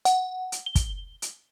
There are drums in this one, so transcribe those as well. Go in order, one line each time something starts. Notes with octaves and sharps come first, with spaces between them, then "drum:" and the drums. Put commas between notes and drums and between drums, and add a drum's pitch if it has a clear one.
F#5, drum: hi-hat
drum: hi-hat
G7
drum: kick, hi-hat
drum: hi-hat